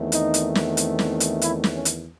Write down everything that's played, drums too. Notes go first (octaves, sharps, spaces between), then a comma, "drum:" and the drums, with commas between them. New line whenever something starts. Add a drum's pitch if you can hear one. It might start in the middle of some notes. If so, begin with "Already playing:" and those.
Already playing: E2 D#3 A3 C4
D#4, drum: hi-hat
drum: hi-hat
drum: snare
drum: hi-hat
drum: snare
drum: hi-hat
E4, drum: hi-hat
drum: snare
C#4
drum: hi-hat